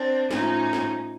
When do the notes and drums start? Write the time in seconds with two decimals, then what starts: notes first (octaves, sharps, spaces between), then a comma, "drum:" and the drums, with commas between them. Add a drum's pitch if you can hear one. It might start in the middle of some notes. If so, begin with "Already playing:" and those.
Already playing: C4 D4
0.31 A2 F3 C#4 D#4, drum: snare
0.73 drum: snare